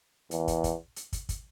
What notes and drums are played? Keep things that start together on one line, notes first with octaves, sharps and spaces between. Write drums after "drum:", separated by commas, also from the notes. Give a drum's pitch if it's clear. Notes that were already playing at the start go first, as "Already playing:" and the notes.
E2, drum: hi-hat
drum: kick, hi-hat
drum: kick, hi-hat
drum: hi-hat
drum: kick, hi-hat
drum: kick, hi-hat